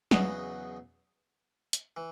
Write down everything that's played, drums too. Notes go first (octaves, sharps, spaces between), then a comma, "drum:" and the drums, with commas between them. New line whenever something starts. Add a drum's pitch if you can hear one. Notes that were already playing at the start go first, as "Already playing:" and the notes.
E2 C#3 F#3 B3 D#4, drum: snare
drum: hi-hat
E3